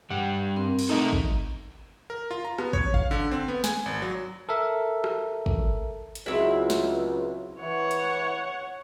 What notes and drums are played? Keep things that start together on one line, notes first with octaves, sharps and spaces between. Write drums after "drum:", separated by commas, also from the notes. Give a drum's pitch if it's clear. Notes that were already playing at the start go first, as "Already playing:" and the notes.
G2 G3 F#5
C4 A#4
drum: cymbal
A3 D#4 A4 D#5 A#5
drum: kick
A#4
F4
A#5
B3, drum: rim click
C#5, drum: kick
F5, drum: kick
D3
C4
B3
G#5, drum: snare
G#1
F#3
A4 A#4 E5
drum: rim click
drum: kick
drum: hi-hat
C#2 F#3 C4 E4
drum: snare
E3 C#5 F#5
drum: hi-hat